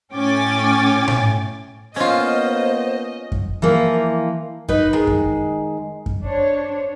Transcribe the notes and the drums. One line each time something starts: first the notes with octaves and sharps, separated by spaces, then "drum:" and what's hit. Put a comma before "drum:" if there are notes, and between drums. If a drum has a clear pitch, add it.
A2 C#4 G5 G#5 D6 A6
drum: tom A2
A#3 B3 C#4 F4 C5 D#5
drum: kick F#2
E3 F3 A#3
D#4 B4 D#5, drum: kick F#2
D#3 G#3
drum: kick F#2
drum: kick F#2
D4 C5 C#5